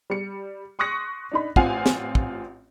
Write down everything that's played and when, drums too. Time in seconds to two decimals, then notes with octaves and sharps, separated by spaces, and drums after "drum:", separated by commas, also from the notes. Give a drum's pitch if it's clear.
0.10 G3 C#7
0.79 C6 C#6 D#6 F#6 A#6 C#7
1.32 D4 D#4 B5
1.56 A1 C4 F4 F5 F#5 G#5, drum: kick
1.86 drum: snare
2.15 drum: kick